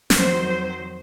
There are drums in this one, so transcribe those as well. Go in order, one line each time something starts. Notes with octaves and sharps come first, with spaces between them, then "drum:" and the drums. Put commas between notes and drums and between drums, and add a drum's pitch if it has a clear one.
F2 D#3 F#3 C5, drum: snare